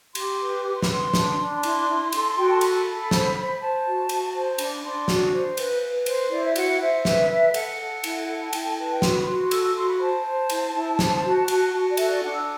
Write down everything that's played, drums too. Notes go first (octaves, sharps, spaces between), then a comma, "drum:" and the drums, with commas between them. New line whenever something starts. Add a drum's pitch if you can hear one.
G4 C6, drum: cymbal
B4
B4 D6
C6
B5, drum: snare
B4 C6
D4, drum: snare
D4
B5
E4 C6, drum: cymbal
E4
A4, drum: cymbal
F#4 G5
A5
A4 B5, drum: cymbal
A4
C5, drum: snare
C5
C5 A5
F#4
F#4, drum: cymbal
C5
D4 B5, drum: cymbal
D4 C6
F#4, drum: snare
C5
B4, drum: cymbal
B4
C5, drum: cymbal
E4 D5
E5
F#4 F#5, drum: cymbal
C5 E5
B4, drum: snare
B4
A4 F#5, drum: cymbal
A4
E4, drum: cymbal
A4
A5
E4 G5, drum: cymbal
A5
B4 A5
G5
F#4 C6, drum: snare
B5
F#4 C6
C6
A4 E6, drum: cymbal
E6
F#4 C6
B5
C5 A5
C5
E4, drum: cymbal
E4
C5, drum: snare
F#4
F#4, drum: cymbal
F#4
D5
A4 E5, drum: cymbal
D5
D4 F#5
E6